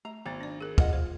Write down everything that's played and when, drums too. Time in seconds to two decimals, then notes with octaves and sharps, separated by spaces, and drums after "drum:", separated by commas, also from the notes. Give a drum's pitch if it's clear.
0.05 A3 A#5
0.26 G#1 B3 A#5 A6
0.41 D4 D5
0.61 G#4 A#4
0.78 F4 D#5 F#5, drum: kick
0.93 F4 C5